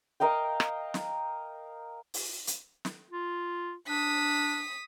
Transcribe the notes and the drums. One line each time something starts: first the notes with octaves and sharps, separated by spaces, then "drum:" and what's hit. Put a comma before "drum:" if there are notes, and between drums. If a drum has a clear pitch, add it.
A#4 D#5 F5 G5
drum: rim click
drum: snare
drum: open hi-hat
drum: hi-hat
drum: snare
F4
D4 D#6 B6